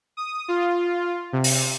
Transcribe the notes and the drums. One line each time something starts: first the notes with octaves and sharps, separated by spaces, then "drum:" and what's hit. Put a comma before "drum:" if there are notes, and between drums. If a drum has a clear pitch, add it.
D#6
F4
C3
drum: open hi-hat